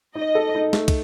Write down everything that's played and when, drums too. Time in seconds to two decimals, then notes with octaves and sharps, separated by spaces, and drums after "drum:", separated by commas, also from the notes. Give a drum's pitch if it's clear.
0.15 D#4 D#5
0.35 A4
0.55 D#4
0.73 A3, drum: snare
0.88 drum: kick, cymbal